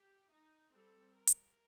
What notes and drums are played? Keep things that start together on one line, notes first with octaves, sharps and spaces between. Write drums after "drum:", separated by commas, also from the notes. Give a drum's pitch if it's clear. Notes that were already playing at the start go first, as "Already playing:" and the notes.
Already playing: G4
D#4
G3 C4 A4
A#4
drum: hi-hat